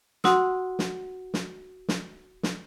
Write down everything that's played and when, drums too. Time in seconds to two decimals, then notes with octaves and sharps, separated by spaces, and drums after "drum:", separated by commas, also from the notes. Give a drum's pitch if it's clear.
0.24 F#4 F#5 C6 D#6 E6, drum: snare
0.79 drum: snare
1.34 drum: snare
1.88 drum: snare
2.43 drum: snare